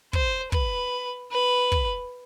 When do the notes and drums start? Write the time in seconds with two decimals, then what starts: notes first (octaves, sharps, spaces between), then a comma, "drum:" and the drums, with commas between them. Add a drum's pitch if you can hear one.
0.13 C5, drum: kick
0.52 B4, drum: kick
1.32 B4
1.72 drum: kick